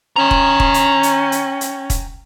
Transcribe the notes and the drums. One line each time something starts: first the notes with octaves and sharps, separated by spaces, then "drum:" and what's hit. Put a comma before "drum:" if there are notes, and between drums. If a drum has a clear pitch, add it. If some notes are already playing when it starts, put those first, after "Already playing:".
C#4 G5 A#5
drum: kick
drum: kick
drum: hi-hat
drum: hi-hat
drum: hi-hat
drum: hi-hat
drum: kick, hi-hat